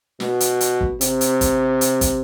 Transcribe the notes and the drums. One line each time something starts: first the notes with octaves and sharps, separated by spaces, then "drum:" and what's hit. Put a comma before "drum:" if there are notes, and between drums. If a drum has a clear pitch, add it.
B2, drum: snare
drum: hi-hat
drum: hi-hat
drum: kick
C3, drum: hi-hat
drum: hi-hat
drum: kick, hi-hat
drum: hi-hat
drum: kick, hi-hat